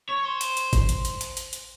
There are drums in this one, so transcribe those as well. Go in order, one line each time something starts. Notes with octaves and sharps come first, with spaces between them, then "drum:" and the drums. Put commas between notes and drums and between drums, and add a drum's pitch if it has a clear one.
C#5
C5
drum: hi-hat
drum: hi-hat
drum: kick G#1, hi-hat
drum: hi-hat
drum: hi-hat
drum: hi-hat
drum: hi-hat
drum: hi-hat